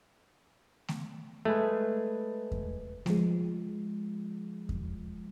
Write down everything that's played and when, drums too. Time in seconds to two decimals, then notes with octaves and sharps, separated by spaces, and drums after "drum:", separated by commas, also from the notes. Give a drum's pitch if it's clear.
0.88 drum: snare A3
1.45 G#3 A3 G#4 B4
2.52 drum: kick E2
3.06 F3 G#3, drum: snare A3
4.69 drum: kick E2